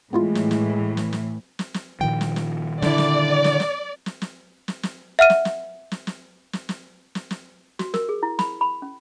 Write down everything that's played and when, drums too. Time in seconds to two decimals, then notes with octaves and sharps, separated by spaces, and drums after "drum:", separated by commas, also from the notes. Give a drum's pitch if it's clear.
0.13 A2 E3 G#3 B3 E4 F4
0.35 drum: snare
0.51 drum: snare
0.97 drum: snare
1.13 drum: snare
1.59 drum: snare
1.74 drum: snare
2.01 A#2 D#3 F3 G5
2.21 drum: snare
2.36 drum: snare
2.82 D3 E4 D5, drum: snare
2.98 drum: snare
3.44 drum: snare
3.60 drum: snare
4.06 drum: snare
4.22 drum: snare
4.68 drum: snare
4.83 drum: snare
5.19 E5 F#5 F6 D#7
5.30 drum: snare
5.45 drum: snare
5.92 drum: snare
6.07 drum: snare
6.53 drum: snare
6.69 drum: snare
7.15 drum: snare
7.31 drum: snare
7.79 F#4, drum: snare
7.94 A#4, drum: snare
8.09 G#4
8.23 E4
8.39 B5, drum: snare
8.61 B5
8.82 C#4